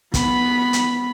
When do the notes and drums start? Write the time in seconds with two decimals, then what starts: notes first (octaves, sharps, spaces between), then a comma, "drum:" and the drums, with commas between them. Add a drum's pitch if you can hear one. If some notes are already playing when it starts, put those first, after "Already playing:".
0.14 B3 B5, drum: kick, hi-hat
0.73 drum: hi-hat